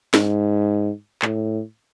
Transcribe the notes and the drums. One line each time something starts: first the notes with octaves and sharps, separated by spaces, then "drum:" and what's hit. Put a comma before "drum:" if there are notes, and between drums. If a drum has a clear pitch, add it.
G#2, drum: snare
A2, drum: clap